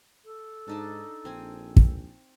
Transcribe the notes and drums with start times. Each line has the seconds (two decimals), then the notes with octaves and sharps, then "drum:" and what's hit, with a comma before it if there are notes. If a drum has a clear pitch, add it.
0.25 A4
0.67 G#2 D4 D#4 A5
1.25 A#1 C4 G#5
1.77 drum: kick